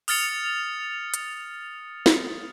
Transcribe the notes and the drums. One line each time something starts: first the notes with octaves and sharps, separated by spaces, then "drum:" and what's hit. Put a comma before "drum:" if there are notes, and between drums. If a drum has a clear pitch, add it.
D#6 F6 A6 C#7 F7, drum: open hi-hat
drum: hi-hat
drum: snare